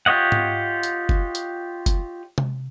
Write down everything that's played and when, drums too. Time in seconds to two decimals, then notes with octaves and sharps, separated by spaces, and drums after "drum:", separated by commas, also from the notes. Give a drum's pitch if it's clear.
0.06 F4 G4 C#5 D#5 F#5
0.32 drum: tom G#2
0.83 drum: hi-hat
1.09 drum: kick
1.35 drum: hi-hat
1.86 drum: kick, hi-hat
2.38 drum: tom C3